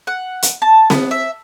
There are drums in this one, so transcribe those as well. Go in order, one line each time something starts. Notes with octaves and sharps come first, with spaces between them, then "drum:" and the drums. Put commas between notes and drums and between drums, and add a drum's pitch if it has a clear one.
F#5
drum: hi-hat
A5
B3, drum: snare C4
E5